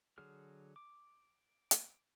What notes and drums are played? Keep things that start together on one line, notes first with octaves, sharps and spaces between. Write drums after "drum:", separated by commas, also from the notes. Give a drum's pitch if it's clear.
D3 F#3 G#4 F6
D6
drum: hi-hat